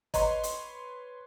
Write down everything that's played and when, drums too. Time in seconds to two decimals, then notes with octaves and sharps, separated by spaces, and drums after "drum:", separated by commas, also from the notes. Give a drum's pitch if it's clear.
0.14 B4 C#5 D#5 A#5 C6, drum: kick, hi-hat
0.43 drum: hi-hat